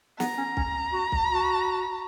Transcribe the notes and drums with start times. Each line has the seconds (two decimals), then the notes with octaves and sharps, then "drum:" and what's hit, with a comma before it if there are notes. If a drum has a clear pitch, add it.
0.20 B3 A#5, drum: snare
0.38 C#4
0.57 C#4, drum: kick
0.92 F#4
1.12 drum: kick
1.30 F#4